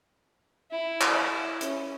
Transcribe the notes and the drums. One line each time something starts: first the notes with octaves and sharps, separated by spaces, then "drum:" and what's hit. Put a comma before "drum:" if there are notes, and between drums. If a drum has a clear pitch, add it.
E4
drum: clap
E4
C#4, drum: hi-hat